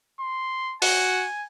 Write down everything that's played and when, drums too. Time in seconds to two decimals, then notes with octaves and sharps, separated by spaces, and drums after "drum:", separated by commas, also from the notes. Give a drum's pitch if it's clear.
0.20 C6
0.82 F#4 G#5, drum: open hi-hat